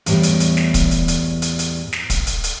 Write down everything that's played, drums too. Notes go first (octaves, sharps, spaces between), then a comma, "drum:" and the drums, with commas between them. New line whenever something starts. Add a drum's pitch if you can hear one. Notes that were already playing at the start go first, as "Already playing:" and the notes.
E2 A2 G3, drum: hi-hat
drum: hi-hat
drum: hi-hat
drum: snare
drum: kick, hi-hat
drum: hi-hat
drum: hi-hat
drum: hi-hat
drum: hi-hat
drum: snare
drum: kick, hi-hat
drum: hi-hat
drum: hi-hat